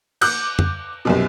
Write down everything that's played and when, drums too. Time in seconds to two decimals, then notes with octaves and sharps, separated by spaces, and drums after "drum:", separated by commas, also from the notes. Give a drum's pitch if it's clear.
0.21 D6 F#6 G6, drum: cymbal
0.59 drum: tom F2
1.05 C2 F#2 B2